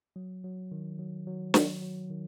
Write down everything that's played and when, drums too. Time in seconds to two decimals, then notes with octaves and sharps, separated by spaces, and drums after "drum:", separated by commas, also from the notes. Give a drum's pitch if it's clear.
0.16 F#3
0.44 F#3
0.72 D#3
0.99 F#3
1.27 F#3
1.54 F#3, drum: snare
1.82 F#3
2.10 D#3